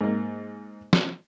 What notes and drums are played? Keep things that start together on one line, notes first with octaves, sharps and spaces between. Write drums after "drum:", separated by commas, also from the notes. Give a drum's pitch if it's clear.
G#2 A#3
drum: snare